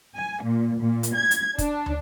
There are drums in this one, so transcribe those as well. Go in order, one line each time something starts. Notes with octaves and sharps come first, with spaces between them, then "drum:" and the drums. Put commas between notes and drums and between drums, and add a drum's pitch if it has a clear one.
G#5
A#2
A#2
drum: hi-hat
G#6
drum: hi-hat
D4, drum: kick, hi-hat
drum: tom